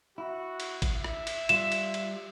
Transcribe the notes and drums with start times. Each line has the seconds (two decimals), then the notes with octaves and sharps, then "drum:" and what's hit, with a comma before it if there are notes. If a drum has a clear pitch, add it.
0.18 E4 F#4
0.60 drum: cymbal
0.82 drum: kick G#1, cymbal
0.95 E5
1.04 drum: rim click
1.27 drum: cymbal
1.49 G3 F4 E7, drum: cymbal
1.72 drum: cymbal
1.94 drum: cymbal